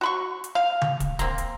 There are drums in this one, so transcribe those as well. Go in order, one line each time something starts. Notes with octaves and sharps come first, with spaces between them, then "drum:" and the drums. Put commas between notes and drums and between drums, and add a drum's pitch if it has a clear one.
F#4 B5 C#6
drum: hi-hat
F5
drum: tom C#3
drum: kick, hi-hat
A#3 C4, drum: kick, hi-hat
drum: hi-hat